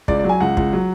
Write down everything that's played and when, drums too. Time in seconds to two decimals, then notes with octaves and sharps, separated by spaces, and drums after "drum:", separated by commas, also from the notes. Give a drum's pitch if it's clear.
0.08 C#2 D5, drum: kick
0.19 D5
0.24 F#3
0.29 G#5
0.40 C#2 F#5
0.57 C#2, drum: kick
0.73 F#3